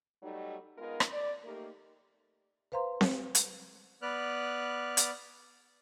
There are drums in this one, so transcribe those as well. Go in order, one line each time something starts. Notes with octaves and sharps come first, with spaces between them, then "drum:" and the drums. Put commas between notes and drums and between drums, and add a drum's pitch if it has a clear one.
F#3 G3 A3 D#4
G#3 B3 D#4 F4 G#4 A#4
drum: rim click
D5
A3 A#3 D#4 G4 A#4
B4 C5 F5 A#5 C6
drum: snare C4
drum: hi-hat
B3 B4 D5 F6 F#6
drum: hi-hat